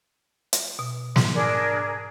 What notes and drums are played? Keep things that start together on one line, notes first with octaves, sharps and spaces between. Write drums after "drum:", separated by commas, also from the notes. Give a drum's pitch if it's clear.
drum: hi-hat
B2
G#2, drum: snare
D4 G#4 A#4